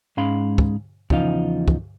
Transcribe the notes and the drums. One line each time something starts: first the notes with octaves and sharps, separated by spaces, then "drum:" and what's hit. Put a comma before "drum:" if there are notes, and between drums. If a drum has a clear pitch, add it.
G#2 G#3 C#4 F5 B5 C6
drum: kick
E2 C#3 F3 D#4 F5, drum: kick
drum: kick